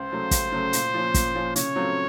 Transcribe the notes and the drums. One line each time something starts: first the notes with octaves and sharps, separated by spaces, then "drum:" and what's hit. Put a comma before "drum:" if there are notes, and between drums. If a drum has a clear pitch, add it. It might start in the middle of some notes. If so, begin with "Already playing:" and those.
Already playing: C#2 C5
C#3 F#3 A3
C#2, drum: kick, hi-hat
C#3 F#3 A3
A#2, drum: hi-hat
F3 A#3 C#4
A#2, drum: kick, hi-hat
F3 A#3 C#4
C#3 C#5, drum: hi-hat
F#3 A3 C4 F4